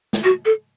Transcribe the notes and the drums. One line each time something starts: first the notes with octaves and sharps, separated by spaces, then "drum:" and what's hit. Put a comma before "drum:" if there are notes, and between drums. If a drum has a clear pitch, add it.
drum: snare
F#4
A4